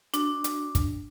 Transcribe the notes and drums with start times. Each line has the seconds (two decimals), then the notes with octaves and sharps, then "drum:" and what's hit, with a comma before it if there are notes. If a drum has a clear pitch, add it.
0.14 D4 F#4, drum: hi-hat
0.44 drum: hi-hat
0.75 drum: kick, hi-hat